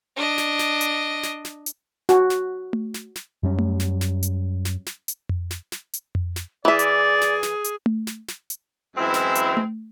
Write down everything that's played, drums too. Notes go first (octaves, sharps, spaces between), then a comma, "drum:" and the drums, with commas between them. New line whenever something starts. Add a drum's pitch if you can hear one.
D4 D#5
drum: snare
drum: snare
drum: hi-hat
drum: snare
drum: snare
drum: hi-hat
F#4, drum: snare
drum: snare
drum: tom A3
drum: snare
drum: snare
F#2 G3 C#4
drum: tom A3
drum: snare
drum: snare
drum: hi-hat
drum: snare
drum: snare
drum: hi-hat
drum: tom F2
drum: snare
drum: snare
drum: hi-hat
drum: tom F2
drum: snare
E3 G#4 D5 E5
drum: hi-hat
drum: snare
drum: snare
drum: hi-hat
drum: tom A3
drum: snare
drum: snare
drum: hi-hat
F#2 E3 G#3 C4 E4
drum: snare
drum: hi-hat
drum: tom A3